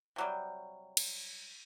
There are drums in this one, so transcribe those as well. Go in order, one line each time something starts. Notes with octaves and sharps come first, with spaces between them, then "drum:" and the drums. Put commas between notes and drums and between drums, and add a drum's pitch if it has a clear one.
C3 F#3 G3
drum: cymbal